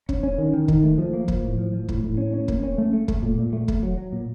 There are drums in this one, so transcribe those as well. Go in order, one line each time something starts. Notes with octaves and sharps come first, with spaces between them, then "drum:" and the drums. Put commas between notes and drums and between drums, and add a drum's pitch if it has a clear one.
C#4, drum: kick
C#4
D#3
D#3
D#3, drum: kick
A3
F3
A#3
F3, drum: kick
A2
F3
F3
A2, drum: kick
A2
C#4
C#4
A#3, drum: kick
C#4
A3
A3
A3, drum: kick
A#2
A#2
A3
A3, drum: kick
F#3
F#3
A#2